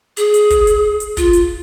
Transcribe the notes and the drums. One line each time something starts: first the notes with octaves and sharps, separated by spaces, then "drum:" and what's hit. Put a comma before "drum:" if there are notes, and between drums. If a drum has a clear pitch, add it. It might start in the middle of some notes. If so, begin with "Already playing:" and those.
G#4, drum: hi-hat
drum: hi-hat
drum: kick, hi-hat
drum: hi-hat
drum: hi-hat
F4, drum: kick, hi-hat
drum: hi-hat